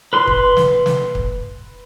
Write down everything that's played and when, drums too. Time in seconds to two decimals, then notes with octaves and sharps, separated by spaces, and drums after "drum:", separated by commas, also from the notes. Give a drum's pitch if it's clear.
0.13 B4 C6
0.27 drum: kick
0.57 drum: snare
0.86 drum: snare
1.15 drum: kick